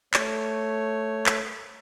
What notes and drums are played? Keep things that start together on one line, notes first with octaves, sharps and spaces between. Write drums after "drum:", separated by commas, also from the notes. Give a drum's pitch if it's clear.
A3 C#5, drum: clap
drum: clap